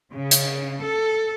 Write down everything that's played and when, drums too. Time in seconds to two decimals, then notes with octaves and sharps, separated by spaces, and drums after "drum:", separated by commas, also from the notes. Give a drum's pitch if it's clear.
0.13 C#3
0.31 drum: hi-hat
0.81 A4